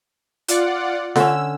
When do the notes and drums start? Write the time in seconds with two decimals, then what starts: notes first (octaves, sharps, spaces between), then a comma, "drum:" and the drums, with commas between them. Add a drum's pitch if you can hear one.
0.48 F4 D5 F#5, drum: hi-hat
1.16 D3 C#4 E6, drum: snare F4